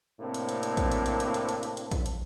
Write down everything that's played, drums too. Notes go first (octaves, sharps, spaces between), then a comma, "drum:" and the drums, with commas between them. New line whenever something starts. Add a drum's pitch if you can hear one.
A2 C3 A#3 C4 D4
drum: hi-hat
drum: hi-hat
drum: hi-hat
drum: kick A#1, hi-hat
drum: hi-hat
drum: hi-hat
drum: hi-hat
drum: hi-hat
drum: hi-hat
drum: hi-hat
drum: hi-hat
drum: kick A#1, hi-hat
drum: hi-hat